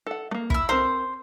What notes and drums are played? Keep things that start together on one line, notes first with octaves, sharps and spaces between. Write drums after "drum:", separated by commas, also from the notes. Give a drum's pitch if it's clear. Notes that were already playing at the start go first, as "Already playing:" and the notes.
A4 F#5
A3 A#3
E4 E6, drum: kick
C4 A#4 C5 A#5